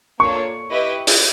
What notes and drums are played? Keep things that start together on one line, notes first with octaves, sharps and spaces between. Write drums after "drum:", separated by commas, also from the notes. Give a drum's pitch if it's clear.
A#3 D4 F4 A4 C#5 C#6
E4 G4 B4 D#5
drum: open hi-hat